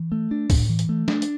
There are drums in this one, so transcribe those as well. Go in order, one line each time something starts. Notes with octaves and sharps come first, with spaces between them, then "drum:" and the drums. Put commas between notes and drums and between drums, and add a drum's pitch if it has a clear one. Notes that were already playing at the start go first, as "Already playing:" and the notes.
Already playing: E3
A3
D4
A2, drum: kick, open hi-hat
E3
drum: hi-hat
A3
D4, drum: snare
drum: hi-hat